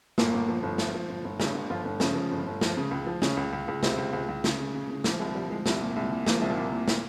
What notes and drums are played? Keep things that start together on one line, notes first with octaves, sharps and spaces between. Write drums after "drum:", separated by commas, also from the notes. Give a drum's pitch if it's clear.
G1 A#2 A#3, drum: snare
G1
F3
G1
F3, drum: snare
F3
G1
G1
G2 C#3 C#4, drum: snare
G1
G1 F3 F4
G1
C#3 F3 C#4, drum: snare
F3
G1
G1
F3, drum: snare
C#3
C#2
F3
C#3 C#4, drum: snare
C#2
C#2
C#2
C#2 C3 C4, drum: snare
C#2
C#2
C#2
C#3, drum: snare
C#3
C#3
C#3
A#2 F3 A#3, drum: snare
C2 G#3
F3 G3
F3 G#3
C2 G3, drum: snare
A#2
C2 G#3
A#2
F3 A#3, drum: snare
C2 G#3
A#2 A#3
C2
A#2
A#2, drum: snare